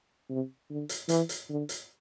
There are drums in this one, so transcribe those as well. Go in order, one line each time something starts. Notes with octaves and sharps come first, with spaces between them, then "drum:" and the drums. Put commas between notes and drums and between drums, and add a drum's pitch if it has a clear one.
C3
D3
drum: hi-hat
E3, drum: hi-hat
drum: hi-hat
D3
drum: hi-hat